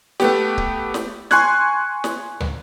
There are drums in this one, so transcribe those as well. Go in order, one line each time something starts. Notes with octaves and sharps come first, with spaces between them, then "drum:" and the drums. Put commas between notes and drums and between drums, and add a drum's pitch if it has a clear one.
A3 B3 G4, drum: snare
drum: kick C#1
drum: snare
G#5 C6 C#6 F#6 G#6, drum: snare
drum: snare
drum: tom